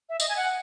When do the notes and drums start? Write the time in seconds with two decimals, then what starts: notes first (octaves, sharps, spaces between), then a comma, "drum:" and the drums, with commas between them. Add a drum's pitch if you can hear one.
0.09 E5
0.20 D#5, drum: tambourine
0.29 G#5
0.36 F#5